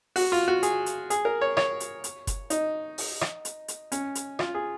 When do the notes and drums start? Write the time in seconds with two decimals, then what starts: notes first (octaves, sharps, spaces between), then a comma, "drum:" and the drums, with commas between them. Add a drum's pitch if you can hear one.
0.16 F#4, drum: open hi-hat
0.32 F4
0.48 F#4
0.63 G#4, drum: hi-hat
0.86 drum: hi-hat
1.10 G#4, drum: hi-hat
1.25 A#4
1.41 C#5
1.57 C#5, drum: rim click
1.80 drum: hi-hat
2.04 drum: hi-hat
2.27 drum: kick F#1, hi-hat
2.50 D#4, drum: hi-hat
2.98 drum: open hi-hat
3.21 drum: rim click
3.45 drum: hi-hat
3.68 drum: hi-hat
3.92 C#4, drum: hi-hat
4.15 drum: hi-hat
4.39 F4, drum: rim click
4.55 G#4